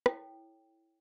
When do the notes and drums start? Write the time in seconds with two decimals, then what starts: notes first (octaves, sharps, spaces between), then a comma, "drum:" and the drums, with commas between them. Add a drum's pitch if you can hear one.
0.06 E4 A4 C#5 G5, drum: rim click